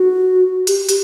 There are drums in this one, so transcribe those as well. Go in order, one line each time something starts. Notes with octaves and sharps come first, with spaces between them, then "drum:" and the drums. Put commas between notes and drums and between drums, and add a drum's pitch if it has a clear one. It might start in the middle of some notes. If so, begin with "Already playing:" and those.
Already playing: F#4
G4, drum: hi-hat
drum: hi-hat